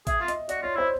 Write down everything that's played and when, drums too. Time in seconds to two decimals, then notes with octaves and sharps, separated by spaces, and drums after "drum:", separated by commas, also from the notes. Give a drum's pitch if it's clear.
0.07 G#4 E5, drum: kick A1, hi-hat
0.21 F4
0.28 D#5, drum: hi-hat
0.49 F#4 D5, drum: hi-hat
0.62 F4 C#5
0.75 E4 C5